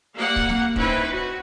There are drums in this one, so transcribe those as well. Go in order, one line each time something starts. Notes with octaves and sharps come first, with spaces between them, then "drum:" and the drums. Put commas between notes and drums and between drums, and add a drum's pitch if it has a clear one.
G3 A#3 F5 F#5
drum: kick
drum: snare
C4 C#4 D#4 E4 B4, drum: kick
F#4